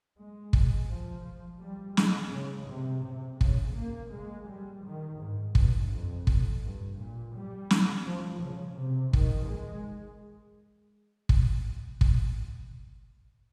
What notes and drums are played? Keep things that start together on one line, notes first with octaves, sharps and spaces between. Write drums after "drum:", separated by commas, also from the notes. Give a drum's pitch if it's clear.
G#3
drum: kick
F3
G3
G#3, drum: snare
C#3
C3
C3
C#3, drum: kick
A#3
G#3
G3
D#3
G#2
G2, drum: kick
F2
drum: kick
G2
A#2
G3
drum: snare
F3
C#3
C3
D#3, drum: kick
G#3
drum: kick
drum: kick